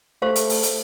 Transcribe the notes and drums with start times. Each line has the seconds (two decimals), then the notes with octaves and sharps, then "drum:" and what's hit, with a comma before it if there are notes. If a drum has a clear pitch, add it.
0.22 A3 G4 C5 F5
0.36 drum: hi-hat
0.49 drum: open hi-hat
0.63 drum: hi-hat